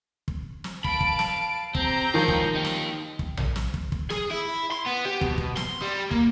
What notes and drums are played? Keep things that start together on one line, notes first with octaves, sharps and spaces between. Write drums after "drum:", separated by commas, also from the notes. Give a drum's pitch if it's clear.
drum: kick
drum: snare
F5 A5 B5 D7, drum: kick
drum: kick
drum: snare
C4 G4 A#5 G6, drum: kick
D#3 F3 G#3 F4
drum: kick
D#4 G4
drum: snare
drum: kick
drum: tom A#1
drum: snare
drum: kick
drum: kick
G#4, drum: snare
E4
C6
B3
G4
B2, drum: kick
drum: kick
C6, drum: snare
G3
A#3, drum: kick